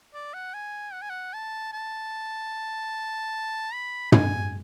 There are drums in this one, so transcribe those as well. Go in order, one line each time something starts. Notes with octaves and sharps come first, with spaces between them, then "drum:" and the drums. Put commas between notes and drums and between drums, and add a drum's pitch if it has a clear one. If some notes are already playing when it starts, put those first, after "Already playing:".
D5
F#5
G#5
F#5
G#5
F#5
A5
A5
B5
G#5, drum: tom